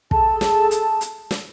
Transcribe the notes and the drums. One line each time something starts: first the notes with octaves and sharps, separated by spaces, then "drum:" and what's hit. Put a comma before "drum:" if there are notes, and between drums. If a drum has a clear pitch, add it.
G#4 A4 A5, drum: kick
drum: snare
drum: hi-hat
drum: hi-hat
drum: snare